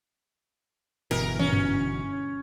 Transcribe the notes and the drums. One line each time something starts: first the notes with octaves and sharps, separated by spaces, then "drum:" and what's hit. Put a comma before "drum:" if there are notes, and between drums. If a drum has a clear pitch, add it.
G1 B2 E3 A#4, drum: cymbal
C#4, drum: tom
drum: tom F#2